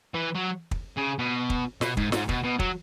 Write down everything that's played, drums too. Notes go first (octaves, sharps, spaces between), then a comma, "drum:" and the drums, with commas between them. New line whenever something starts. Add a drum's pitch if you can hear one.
E3
F#3
drum: kick
C#3
B2
drum: kick
B2, drum: snare
G#2, drum: kick
G#2, drum: snare
B2, drum: kick
B2
F#3, drum: kick